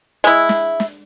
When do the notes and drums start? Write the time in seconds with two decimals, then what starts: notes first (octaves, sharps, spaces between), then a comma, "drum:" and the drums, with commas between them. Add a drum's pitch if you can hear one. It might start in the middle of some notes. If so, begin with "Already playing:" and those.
0.24 G#3 E4, drum: hi-hat
0.49 drum: snare
0.80 drum: snare